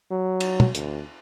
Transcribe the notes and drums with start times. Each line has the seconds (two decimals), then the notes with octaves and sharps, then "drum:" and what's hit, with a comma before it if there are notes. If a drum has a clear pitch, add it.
0.11 F#3
0.40 drum: cymbal
0.60 drum: tom
0.75 D2, drum: hi-hat